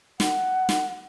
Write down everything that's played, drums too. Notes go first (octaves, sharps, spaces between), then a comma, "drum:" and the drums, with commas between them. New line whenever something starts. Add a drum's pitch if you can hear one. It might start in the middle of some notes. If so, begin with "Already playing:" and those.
F#5, drum: snare
drum: snare